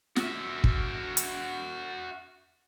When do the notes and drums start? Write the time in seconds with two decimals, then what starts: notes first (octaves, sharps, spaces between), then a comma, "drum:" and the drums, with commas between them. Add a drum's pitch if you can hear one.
0.16 F#4 E5, drum: snare
0.64 drum: kick
1.17 drum: hi-hat